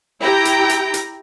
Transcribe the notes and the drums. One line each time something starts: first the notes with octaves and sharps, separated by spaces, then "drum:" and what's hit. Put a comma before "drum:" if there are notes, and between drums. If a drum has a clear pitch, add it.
E4 G4 G5 A#5
drum: hi-hat
drum: hi-hat
drum: hi-hat